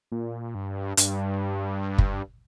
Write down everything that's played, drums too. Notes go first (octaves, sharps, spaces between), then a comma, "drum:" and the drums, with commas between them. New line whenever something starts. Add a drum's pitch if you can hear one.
A#2
G2
G2, drum: hi-hat
drum: kick F#1